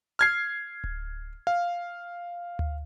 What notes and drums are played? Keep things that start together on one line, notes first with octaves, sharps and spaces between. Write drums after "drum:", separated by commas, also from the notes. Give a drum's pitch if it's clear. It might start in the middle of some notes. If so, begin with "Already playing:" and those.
F6 G#6 C7
drum: kick D1
F5
drum: tom D2